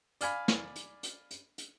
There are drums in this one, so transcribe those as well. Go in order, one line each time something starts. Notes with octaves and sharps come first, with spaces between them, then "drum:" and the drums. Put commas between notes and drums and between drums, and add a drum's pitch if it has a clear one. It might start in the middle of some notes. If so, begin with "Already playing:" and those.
D5 F5 G#5 B5, drum: hi-hat
drum: snare
drum: hi-hat
drum: hi-hat
drum: hi-hat
drum: hi-hat